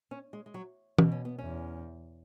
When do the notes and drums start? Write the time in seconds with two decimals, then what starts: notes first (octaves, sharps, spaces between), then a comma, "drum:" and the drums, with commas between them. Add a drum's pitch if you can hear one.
0.11 C#4
0.33 G#3
0.46 G#3
0.54 F#3
0.98 B2, drum: tom
1.12 C#4
1.25 B3
1.39 E2 C#4